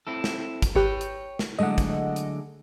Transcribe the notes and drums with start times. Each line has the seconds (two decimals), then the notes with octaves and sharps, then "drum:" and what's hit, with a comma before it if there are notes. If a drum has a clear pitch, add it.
0.07 C4 E4 A4
0.24 drum: snare
0.62 drum: kick, hi-hat
0.76 G#1 G4 B4 C#5 G5 F#6
1.01 drum: hi-hat
1.39 drum: snare
1.59 D3 F#3 G#3 A3 D#5 F#5
1.78 drum: kick, hi-hat
2.16 drum: hi-hat